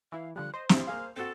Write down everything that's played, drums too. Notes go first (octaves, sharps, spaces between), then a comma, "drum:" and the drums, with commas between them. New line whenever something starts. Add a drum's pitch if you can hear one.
E3 E4 F5
D3 F3 G3 F#6
C5 D#5
G3 E4 F5, drum: snare
A#3 G#4 F5 F6
C4 F#4 A4